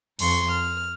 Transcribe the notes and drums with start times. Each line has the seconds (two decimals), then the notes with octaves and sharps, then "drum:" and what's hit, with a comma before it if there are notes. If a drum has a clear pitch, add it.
0.19 F2 C6 C#6, drum: cymbal
0.50 F6